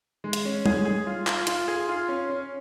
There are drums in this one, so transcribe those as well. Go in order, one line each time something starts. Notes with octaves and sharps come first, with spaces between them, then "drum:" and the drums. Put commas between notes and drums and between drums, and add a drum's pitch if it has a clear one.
G#3
drum: hi-hat
C#4
G#4, drum: tom G3
G#4
F4
F4, drum: clap
F4, drum: hi-hat
G#4
F4
C#4
C#4